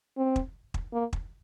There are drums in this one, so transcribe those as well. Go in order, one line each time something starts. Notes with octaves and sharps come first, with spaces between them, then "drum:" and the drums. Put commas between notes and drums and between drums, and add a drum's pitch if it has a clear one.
C4
drum: kick
drum: kick
A#3
drum: kick